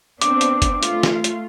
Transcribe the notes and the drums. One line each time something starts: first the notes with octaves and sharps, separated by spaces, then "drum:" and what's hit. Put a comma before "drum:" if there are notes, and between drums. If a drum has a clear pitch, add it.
B3 C4 D4 D6, drum: hi-hat
drum: hi-hat
drum: kick G1, hi-hat
A3 F4, drum: hi-hat
drum: snare
drum: hi-hat